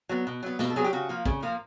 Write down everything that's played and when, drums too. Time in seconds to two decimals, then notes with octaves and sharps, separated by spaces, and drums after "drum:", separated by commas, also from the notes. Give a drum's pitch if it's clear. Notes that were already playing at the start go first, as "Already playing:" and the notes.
0.09 F#3 B3
0.27 B2
0.43 F#3 B3
0.59 B2, drum: snare
0.70 A4
0.76 F#3 B3 G#4
0.84 G4
0.92 C#3 F#4
1.09 F3 A#3
1.25 C#3, drum: kick
1.42 F3 A#3